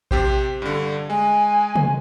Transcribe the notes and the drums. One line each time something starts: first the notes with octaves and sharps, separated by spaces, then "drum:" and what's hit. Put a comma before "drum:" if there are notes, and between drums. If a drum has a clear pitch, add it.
C3 G4 C5, drum: kick A#1
G2 D3
G#3 G#5
drum: tom